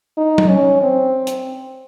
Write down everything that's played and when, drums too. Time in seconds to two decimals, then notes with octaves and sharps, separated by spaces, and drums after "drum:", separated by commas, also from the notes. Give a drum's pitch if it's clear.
0.17 D#4
0.38 drum: tom F#3
0.49 C#4
0.82 C4
1.27 drum: hi-hat